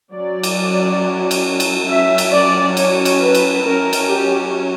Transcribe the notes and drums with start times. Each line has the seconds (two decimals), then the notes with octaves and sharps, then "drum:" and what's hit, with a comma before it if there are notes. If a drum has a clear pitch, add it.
0.14 F#3 C#4 D5
0.43 drum: cymbal
1.31 drum: cymbal
1.60 drum: cymbal
1.88 F#3 C#4 E5
2.18 drum: cymbal
2.33 D5
2.77 C#5, drum: cymbal
3.05 drum: cymbal
3.20 B4
3.34 drum: cymbal
3.63 F#3 C#4 A#4
3.93 drum: cymbal
4.07 G4